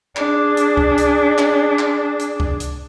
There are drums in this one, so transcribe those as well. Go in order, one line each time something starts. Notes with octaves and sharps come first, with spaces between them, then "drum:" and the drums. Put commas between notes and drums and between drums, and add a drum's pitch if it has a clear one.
D4 G#4, drum: clap
drum: hi-hat
drum: kick C#2
drum: hi-hat
drum: clap
drum: clap
drum: hi-hat
drum: kick C#2
drum: hi-hat